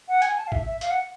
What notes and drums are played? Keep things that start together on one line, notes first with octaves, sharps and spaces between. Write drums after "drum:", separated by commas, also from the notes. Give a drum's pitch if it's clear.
F#5
G#5, drum: hi-hat
A5
F5
E5, drum: kick
E5
F5, drum: hi-hat
F#5